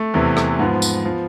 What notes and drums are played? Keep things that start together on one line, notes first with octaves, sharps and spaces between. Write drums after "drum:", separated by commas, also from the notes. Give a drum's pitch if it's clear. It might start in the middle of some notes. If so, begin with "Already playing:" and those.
Already playing: A3
E2 C3 E3
drum: rim click
G#2 F3 B3
drum: tambourine
F3